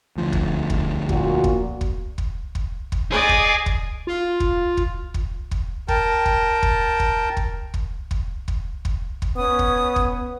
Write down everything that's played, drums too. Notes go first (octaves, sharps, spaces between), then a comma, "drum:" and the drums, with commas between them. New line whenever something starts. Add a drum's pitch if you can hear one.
D2 F3
drum: kick
drum: kick
A#2 F#4, drum: kick
drum: kick
drum: kick
drum: kick
drum: kick
drum: kick
G#4 D5 D#5
drum: kick
drum: kick
F4
drum: kick
drum: kick
drum: kick
drum: kick
A#4 G5 A5, drum: kick
drum: kick
drum: kick
drum: kick
drum: kick
drum: kick
drum: kick
drum: kick
drum: kick
drum: kick
B3 C#4 D#6
drum: kick
drum: kick